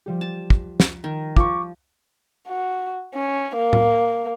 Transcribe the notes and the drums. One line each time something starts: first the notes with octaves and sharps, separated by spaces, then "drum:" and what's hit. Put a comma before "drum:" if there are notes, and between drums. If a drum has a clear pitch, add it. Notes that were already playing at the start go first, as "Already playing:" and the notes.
F3 G3 G4
A5
drum: kick
drum: snare
D#3
F3 C#6 D6, drum: kick
F#4
C#4
A#3
drum: tom A2